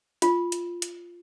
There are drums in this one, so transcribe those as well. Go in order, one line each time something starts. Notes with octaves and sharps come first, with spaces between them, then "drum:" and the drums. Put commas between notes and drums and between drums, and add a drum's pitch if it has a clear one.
F4, drum: hi-hat
drum: hi-hat
drum: hi-hat